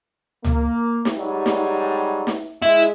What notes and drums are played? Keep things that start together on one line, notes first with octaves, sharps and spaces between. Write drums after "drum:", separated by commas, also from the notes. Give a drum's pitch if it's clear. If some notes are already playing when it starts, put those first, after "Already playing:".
A#3, drum: tom C#2
drum: snare
G#2 F#3 G3
drum: snare
drum: snare
G#3 E4